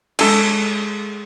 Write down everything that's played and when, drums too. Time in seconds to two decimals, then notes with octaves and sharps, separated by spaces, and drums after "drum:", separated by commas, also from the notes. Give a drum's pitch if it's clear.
0.19 G#3 A4 G#5, drum: cymbal